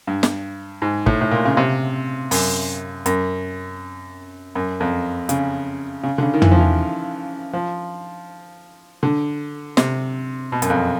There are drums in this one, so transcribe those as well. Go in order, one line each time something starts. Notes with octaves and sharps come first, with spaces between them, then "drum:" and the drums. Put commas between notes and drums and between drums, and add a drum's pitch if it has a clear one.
G2
drum: snare
G#2
A2, drum: kick
A2
A#2
C#3
C3
F#2, drum: open hi-hat
F#2, drum: hi-hat
F#2
F2
C#3, drum: hi-hat
C#3
D3
C#3
D#3
E3, drum: tom
F3
E3
F3
D3
C3, drum: snare
B2
F#2, drum: hi-hat
F2